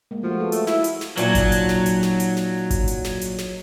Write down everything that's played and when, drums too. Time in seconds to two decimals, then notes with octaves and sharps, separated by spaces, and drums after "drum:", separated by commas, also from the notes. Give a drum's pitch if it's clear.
0.11 G#3 A#3
0.23 F3 A3 F#4
0.40 F4 A4 B4
0.52 A3, drum: hi-hat
0.67 E4, drum: snare
0.84 drum: hi-hat
1.01 drum: snare
1.17 A#2 F#3 D#4 A5, drum: hi-hat
1.35 drum: kick G#1, hi-hat
1.52 drum: hi-hat
1.69 drum: snare
1.86 drum: hi-hat
2.03 drum: snare
2.20 drum: hi-hat
2.37 drum: snare
2.71 drum: kick G#1, hi-hat
2.88 drum: hi-hat
3.04 drum: snare
3.21 drum: hi-hat
3.38 drum: snare